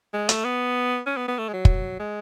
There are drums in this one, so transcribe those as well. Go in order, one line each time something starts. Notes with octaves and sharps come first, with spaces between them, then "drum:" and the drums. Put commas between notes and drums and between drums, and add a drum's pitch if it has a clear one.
G#3
A3, drum: hi-hat
B3
C#4
B3
B3
A3
G#3
F#3
drum: kick
G#3